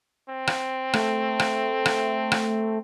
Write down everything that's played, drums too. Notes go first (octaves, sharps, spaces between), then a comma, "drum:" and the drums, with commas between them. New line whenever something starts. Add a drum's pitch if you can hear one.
C4
drum: rim click
A3, drum: rim click
drum: rim click
drum: rim click
drum: rim click